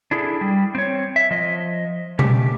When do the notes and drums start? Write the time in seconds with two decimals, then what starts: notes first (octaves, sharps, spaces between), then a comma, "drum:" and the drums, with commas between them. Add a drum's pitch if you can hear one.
0.11 D4 E4 G#4 A4
0.41 G3
0.75 C4 C#5
1.16 E5
1.31 F3 D#5
2.19 C#3 A3 G4, drum: tom B2